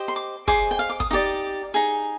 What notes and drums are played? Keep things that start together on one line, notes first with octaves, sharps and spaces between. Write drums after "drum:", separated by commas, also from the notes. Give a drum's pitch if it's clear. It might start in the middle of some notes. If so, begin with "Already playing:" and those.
Already playing: G4 C5 D#5
C6
D6
G#4 C5 D#5 D6, drum: kick
G5
F5
D6
D#6, drum: kick
D#4 G4 D5 D#6
D#4 G#4